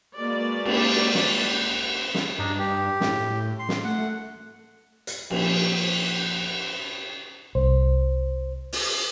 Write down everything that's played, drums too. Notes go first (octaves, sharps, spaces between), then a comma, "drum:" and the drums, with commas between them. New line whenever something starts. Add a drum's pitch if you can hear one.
G#3 A#3 F#4 B4 D5
drum: cymbal
drum: snare
drum: snare
G2 D4 D#4
G4
A2, drum: snare
C6
drum: snare
A3 F#5
drum: hi-hat
A#1, drum: cymbal
C2 C5
drum: open hi-hat